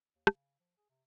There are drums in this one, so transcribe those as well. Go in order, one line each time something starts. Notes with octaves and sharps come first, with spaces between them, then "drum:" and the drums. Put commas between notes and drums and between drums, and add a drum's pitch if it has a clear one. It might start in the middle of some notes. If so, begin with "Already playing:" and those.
D#2
C#3, drum: rim click
F3
G#4
C3